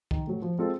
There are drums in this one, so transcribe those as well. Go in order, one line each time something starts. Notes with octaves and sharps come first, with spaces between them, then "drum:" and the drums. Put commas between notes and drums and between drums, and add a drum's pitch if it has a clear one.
D#3, drum: kick
F#3 A3
F3
G#3 C4 F4 A4